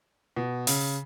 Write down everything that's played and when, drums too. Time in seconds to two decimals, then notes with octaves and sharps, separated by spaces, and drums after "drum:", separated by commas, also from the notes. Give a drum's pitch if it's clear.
0.36 B2
0.67 C#3, drum: open hi-hat